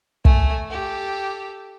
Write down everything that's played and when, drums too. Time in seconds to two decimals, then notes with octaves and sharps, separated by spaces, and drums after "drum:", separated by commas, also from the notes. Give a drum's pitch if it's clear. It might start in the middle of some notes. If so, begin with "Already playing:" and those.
0.25 A3 G#5, drum: kick
0.69 G4 A4